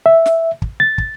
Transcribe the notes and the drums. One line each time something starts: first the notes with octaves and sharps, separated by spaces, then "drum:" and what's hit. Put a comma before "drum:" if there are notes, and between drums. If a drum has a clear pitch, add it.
E5
drum: snare
drum: kick
A6
drum: kick